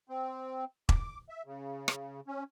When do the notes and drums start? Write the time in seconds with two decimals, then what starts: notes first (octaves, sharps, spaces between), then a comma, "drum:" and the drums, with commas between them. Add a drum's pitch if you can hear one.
0.09 C4
0.89 D6, drum: kick E1
1.29 E5
1.46 C#3
1.88 drum: rim click
2.27 C#4